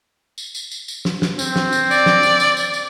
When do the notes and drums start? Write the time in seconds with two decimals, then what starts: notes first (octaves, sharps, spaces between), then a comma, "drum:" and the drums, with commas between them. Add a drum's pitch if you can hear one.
0.38 drum: tambourine
0.55 drum: tambourine
0.71 drum: tambourine
0.88 drum: tambourine
1.05 drum: snare
1.22 drum: snare
1.39 C4, drum: tambourine
1.56 drum: snare
1.72 drum: tambourine
1.91 D5, drum: tambourine
2.06 drum: snare
2.23 drum: tambourine
2.40 drum: tambourine
2.57 drum: tambourine
2.74 drum: tambourine